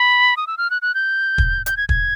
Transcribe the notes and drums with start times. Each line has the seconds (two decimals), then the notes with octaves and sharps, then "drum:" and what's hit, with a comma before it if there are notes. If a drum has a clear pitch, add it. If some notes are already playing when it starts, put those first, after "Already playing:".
Already playing: B5
0.37 D#6
0.47 E6
0.58 F6
0.70 F#6
0.82 F#6
0.95 G6
1.38 drum: kick
1.66 G6, drum: hi-hat
1.77 G#6
1.89 G#6, drum: kick